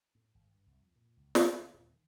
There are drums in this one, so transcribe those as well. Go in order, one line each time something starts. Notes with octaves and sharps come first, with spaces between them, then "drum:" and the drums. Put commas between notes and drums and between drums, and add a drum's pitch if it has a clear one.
A2
G#1
G2
C2
F2
A#2
C#2
D2, drum: snare
D2
D#1
D#3